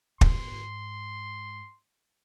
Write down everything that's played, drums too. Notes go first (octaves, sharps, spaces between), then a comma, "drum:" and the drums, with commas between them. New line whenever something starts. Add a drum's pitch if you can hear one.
G#2 C6, drum: kick